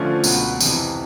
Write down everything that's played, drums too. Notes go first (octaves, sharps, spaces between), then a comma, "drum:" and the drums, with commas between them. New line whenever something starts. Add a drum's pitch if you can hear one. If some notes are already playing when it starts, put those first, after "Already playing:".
Already playing: D3 F3 A3 C#4 F4
C#2 B2 F#3, drum: tambourine
F2 C3 E3, drum: tambourine